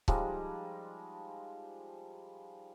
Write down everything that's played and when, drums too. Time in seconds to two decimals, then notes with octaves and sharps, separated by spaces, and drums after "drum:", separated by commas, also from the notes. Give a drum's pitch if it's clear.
0.08 F3 G3 G#3 D#4, drum: kick C#1